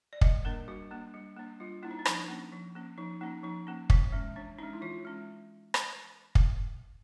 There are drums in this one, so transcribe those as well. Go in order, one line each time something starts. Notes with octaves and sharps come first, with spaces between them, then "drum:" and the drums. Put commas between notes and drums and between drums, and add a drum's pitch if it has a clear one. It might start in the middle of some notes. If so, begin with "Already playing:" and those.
D5
G3 D#5, drum: kick
A#3 D4 A#4
G3 F#4
A#3 D4
G3
A#3 D4
G3 F4
A#3 D4 E4
D#4
D4
F3 D#4, drum: rim click
A#3 C#4
F3
A#3 C#4
F3 D#4
A#3 C#4 D#4
F3 D#4
A#3 C#4
E3, drum: kick
G#3 C#4
E3 D4
G#3 C#4 D#4
E4
E3 F4
G#3 C#4
drum: rim click
drum: kick